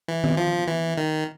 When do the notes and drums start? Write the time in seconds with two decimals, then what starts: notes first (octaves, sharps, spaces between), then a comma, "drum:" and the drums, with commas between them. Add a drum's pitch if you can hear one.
0.08 E3
0.24 drum: tom D#3
0.37 F3
0.67 E3
0.97 D#3